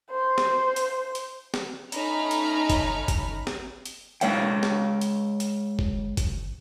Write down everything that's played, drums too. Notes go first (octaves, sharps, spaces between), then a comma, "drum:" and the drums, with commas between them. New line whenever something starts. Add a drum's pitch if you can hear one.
C5
drum: snare
drum: hi-hat
drum: hi-hat
drum: snare
A3 C#4 D#4 A#5 B5 F6, drum: hi-hat
drum: hi-hat
drum: kick F#1, hi-hat
drum: kick F#1, hi-hat
drum: snare
drum: hi-hat
G#3 C#5 F5 G5, drum: hi-hat
drum: snare
drum: hi-hat
drum: hi-hat
drum: kick F#1
drum: kick F#1, hi-hat